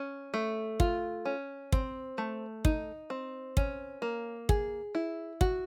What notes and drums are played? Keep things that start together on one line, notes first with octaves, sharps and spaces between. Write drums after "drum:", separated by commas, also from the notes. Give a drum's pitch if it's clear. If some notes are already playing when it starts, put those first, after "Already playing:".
Already playing: C#4
A3
F4, drum: kick
C#4
C4, drum: kick
A3
D#4, drum: kick
C4
C#4, drum: kick
A#3
G#4, drum: kick
E4
F#4, drum: kick